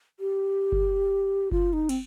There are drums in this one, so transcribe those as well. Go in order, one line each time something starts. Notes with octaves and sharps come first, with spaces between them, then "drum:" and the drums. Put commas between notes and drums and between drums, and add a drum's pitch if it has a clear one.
G4
drum: kick F#1
F4, drum: kick F#1
D#4
C4, drum: cymbal